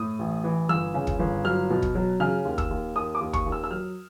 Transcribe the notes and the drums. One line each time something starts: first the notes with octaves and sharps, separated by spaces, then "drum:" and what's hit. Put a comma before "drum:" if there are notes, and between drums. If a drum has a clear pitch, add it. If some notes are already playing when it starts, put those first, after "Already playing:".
Already playing: A2 D#6
A1
E3
G1 E6
C#3
drum: kick
G1
F#3 F6
B2
drum: kick
F#3
C#3 F6
D#2
E6, drum: kick
D#2
D#2 D#6
D6
D#2
C#6, drum: kick
D#2
E6
E6
F#3 F6